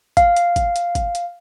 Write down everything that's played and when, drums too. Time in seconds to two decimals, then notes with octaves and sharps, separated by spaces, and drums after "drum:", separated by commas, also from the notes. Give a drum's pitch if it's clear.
0.17 F5, drum: kick, hi-hat
0.36 drum: hi-hat
0.56 drum: kick, hi-hat
0.76 drum: hi-hat
0.95 drum: kick, hi-hat
1.15 drum: hi-hat